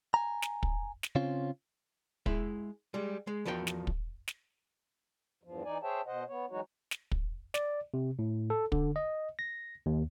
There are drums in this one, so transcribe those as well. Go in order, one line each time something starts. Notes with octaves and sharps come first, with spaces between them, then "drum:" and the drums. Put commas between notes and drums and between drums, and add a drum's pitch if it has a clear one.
G#5 A#5
drum: snare
drum: kick
drum: snare
C#3 C4 C#4 F4
G#3 E4 E5, drum: kick
G3 G#3
G#3
E2 F3 F#4 A#4 D5 G5
drum: snare
drum: kick
drum: snare
E2 G2 F3
E3 D#4 D5 G#5
G#4 C5 C#5 E5 G5 A5
B2 C5 D#5 F#5
B3 C#5
E3 F#3 G#3 D#4 F#4 C#5
drum: snare
drum: kick
D5, drum: snare
C3
A2
A4
D3, drum: kick
D#5
A#6
D#2